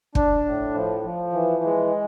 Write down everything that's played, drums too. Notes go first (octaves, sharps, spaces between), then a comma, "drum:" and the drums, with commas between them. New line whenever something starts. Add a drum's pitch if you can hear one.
D4, drum: kick
A2
F3
F3
E3
G#3